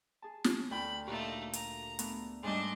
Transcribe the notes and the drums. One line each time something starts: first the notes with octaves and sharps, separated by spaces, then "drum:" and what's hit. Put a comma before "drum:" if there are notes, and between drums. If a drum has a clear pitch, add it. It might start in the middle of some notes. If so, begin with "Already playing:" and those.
G#4 A5
drum: snare
D2 G5 B5
A#2 A3 D#4 F#4 G4
A#5, drum: hi-hat
A3 B3 D4, drum: hi-hat
G#2 G3 A3 D4 D#5